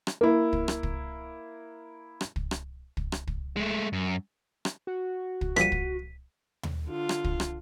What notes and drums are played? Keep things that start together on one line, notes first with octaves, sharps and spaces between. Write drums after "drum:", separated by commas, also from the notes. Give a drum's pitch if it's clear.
drum: rim click
A#3 E4
drum: kick
drum: rim click
drum: kick
drum: rim click
drum: kick
drum: rim click
drum: kick
drum: rim click
drum: kick
G#3 A3
F#2
drum: rim click
F#4
drum: kick
A#2 F3 G3 B6 D#7, drum: rim click
drum: kick
drum: tom D#2
D3 F4
drum: rim click
drum: kick
drum: rim click